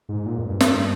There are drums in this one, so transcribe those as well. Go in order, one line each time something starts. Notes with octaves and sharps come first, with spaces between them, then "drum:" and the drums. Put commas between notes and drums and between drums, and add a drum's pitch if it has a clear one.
G#2
A#2
F2
G2
drum: snare